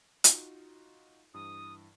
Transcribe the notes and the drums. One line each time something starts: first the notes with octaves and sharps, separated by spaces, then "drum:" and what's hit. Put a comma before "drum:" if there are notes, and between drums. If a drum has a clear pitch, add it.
D#4 F4 F#4, drum: hi-hat
G2 E3 D#6